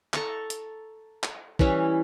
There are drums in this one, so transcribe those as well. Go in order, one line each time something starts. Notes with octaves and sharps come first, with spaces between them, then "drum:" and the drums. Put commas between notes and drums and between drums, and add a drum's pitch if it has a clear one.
A4 A#5 C#6, drum: clap
drum: hi-hat
drum: clap
E3 G3 C#4 E4, drum: kick